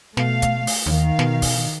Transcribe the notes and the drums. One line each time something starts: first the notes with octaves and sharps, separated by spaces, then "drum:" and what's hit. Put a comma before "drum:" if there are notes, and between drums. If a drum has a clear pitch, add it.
B2 A3 F5, drum: snare
drum: kick, hi-hat
drum: open hi-hat
D#2 D#3 F5
B2, drum: snare
drum: kick, open hi-hat